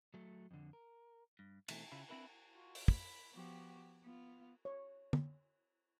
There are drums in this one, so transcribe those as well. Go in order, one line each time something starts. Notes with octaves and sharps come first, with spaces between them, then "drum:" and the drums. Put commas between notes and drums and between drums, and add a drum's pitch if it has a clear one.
F#3 A3
F2 D3
A#4
G2
B2 E3 A3 C4, drum: cymbal
C#3 C#4 E4 F4
C4 D4 E4 F4 A#4 B4
F4 F#4
drum: open hi-hat
B5, drum: kick
F3 B3 F#4 G4
B3 F4
C#5
drum: tom